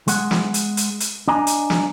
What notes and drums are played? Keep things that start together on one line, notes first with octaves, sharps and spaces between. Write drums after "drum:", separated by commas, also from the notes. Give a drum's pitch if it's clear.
G#3 F#5, drum: hi-hat
drum: snare
drum: hi-hat
drum: hi-hat
drum: hi-hat
D4 D#5 G#5 A#5
drum: hi-hat
drum: snare